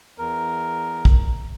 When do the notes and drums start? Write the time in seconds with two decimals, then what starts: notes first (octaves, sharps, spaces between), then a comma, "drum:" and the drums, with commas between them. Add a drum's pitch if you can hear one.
0.18 E2 A#4
1.05 drum: kick